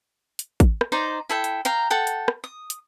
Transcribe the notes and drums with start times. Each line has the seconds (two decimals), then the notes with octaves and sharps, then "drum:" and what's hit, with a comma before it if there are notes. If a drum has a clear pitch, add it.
0.39 drum: hi-hat
0.60 drum: kick, hi-hat
0.81 drum: rim click
0.92 D#4 C5 D5 A#5
1.29 E4 A4 G5
1.44 drum: hi-hat
1.65 F5 G5 A#5, drum: hi-hat
1.90 A4 F#5 G5
2.07 drum: hi-hat
2.28 drum: rim click
2.44 D#6
2.70 drum: hi-hat